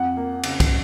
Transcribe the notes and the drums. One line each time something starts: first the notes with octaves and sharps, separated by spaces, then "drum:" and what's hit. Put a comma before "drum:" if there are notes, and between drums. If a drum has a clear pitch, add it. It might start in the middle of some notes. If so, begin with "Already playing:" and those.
Already playing: F2 F#5
A#3
C#3, drum: cymbal
drum: kick, cymbal